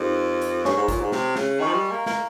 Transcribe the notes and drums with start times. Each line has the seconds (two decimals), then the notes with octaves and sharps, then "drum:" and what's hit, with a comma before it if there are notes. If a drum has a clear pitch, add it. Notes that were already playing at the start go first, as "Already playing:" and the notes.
Already playing: F2 D#4 G4 A#4
0.42 drum: hi-hat
0.65 G2 C#5 G#5 C#6, drum: snare
0.77 G#2
0.88 A#2, drum: kick, hi-hat
1.00 G#2
1.12 C3, drum: snare
1.36 C#3, drum: snare
1.59 D#3 A#4 D#5 G#5 C#6
1.67 F3
1.74 G3
1.91 A#3
2.06 A#3, drum: snare